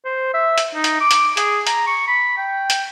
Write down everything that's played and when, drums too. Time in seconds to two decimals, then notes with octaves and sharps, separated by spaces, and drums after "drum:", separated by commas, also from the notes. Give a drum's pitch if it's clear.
0.05 C5
0.34 E5
0.58 drum: hi-hat
0.75 D#4
0.84 drum: hi-hat
1.01 D6
1.11 drum: hi-hat
1.37 G#4, drum: hi-hat
1.67 A#5, drum: hi-hat
1.87 C#6
2.08 B5
2.38 G5
2.70 drum: hi-hat